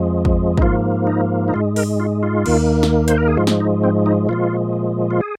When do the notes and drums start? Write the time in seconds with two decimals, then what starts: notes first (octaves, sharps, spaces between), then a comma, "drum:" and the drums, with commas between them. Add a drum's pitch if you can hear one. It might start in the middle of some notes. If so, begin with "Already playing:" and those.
Already playing: F2 F3 G#3
0.25 drum: kick
0.58 D#4, drum: kick
0.62 G#2 F3 A#3 F4
1.07 D#4
1.48 D#4
1.54 G#2 G#3 F4
1.76 A#4, drum: open hi-hat
2.00 F4
2.23 F4
2.46 D#2 D#3 A#3, drum: cymbal
2.83 drum: snare
3.08 C5, drum: hi-hat
3.18 A#4
3.28 G#4
3.37 G#2 F3 G#3 F4
3.47 drum: snare
3.60 D#4
3.84 C4
4.06 D#4
4.29 A#2 F3 G#3 F4
5.11 F4
5.21 G#4